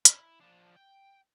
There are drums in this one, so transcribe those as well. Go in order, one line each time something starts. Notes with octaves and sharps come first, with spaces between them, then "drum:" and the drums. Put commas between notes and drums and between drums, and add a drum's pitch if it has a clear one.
E4, drum: hi-hat
F3 D4
G5